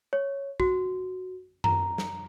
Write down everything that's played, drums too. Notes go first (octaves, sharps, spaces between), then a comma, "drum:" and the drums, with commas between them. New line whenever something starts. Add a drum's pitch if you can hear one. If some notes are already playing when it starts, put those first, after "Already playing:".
C#5
F#4, drum: kick
A#5, drum: tom F#2
drum: snare